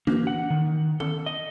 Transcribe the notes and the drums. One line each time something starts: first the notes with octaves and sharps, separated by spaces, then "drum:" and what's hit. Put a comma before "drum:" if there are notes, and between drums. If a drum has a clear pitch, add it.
A#3, drum: tom E3
F#5
D#3
A4, drum: tom D#3
D#5